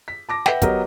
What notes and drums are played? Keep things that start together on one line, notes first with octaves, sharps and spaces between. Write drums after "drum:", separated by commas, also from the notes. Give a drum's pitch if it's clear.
B6
A5 D6 A#6
B4 E5 F#5 G5, drum: snare
F#3 B3 G4 A#4 D#5, drum: kick, hi-hat